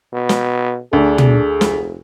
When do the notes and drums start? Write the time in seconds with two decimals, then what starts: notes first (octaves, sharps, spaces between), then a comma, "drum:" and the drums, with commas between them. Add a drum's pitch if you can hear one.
0.13 B2
0.29 drum: snare
0.93 D2 D4 G#4
1.18 drum: tom
1.61 F1, drum: snare